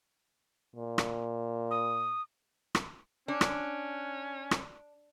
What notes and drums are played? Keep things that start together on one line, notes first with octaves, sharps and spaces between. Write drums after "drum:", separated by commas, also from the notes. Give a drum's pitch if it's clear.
A#2
drum: rim click
D#6
drum: rim click
C#4 D4
drum: rim click
drum: rim click